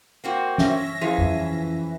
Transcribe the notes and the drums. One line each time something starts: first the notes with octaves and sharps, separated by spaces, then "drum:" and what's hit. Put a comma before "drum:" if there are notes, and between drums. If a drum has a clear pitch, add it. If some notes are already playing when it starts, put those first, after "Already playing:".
A#3 C4 F#4
C#4 E5 A#6, drum: snare
E3 F3 G#4
drum: tom F2